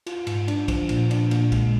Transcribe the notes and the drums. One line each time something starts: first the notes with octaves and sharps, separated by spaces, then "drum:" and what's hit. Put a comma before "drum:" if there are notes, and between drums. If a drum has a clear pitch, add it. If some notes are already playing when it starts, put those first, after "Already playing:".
F4, drum: cymbal
G#2, drum: cymbal
D4, drum: cymbal
F3, drum: kick, cymbal
A#2, drum: cymbal
D4, drum: cymbal
A#2, drum: cymbal
G#3, drum: kick, cymbal